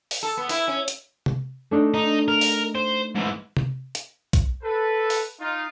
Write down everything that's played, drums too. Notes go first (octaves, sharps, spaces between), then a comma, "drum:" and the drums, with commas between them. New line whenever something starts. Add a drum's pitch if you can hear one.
drum: open hi-hat
A4
B3
E4, drum: open hi-hat
C#4
drum: hi-hat
drum: tom C3
A3 D4 D#4
D#4 D#5
A#4
drum: open hi-hat
C5
G#2 E3
drum: tom C3
drum: hi-hat
drum: kick, hi-hat
A4 B4
drum: open hi-hat
D#4 F4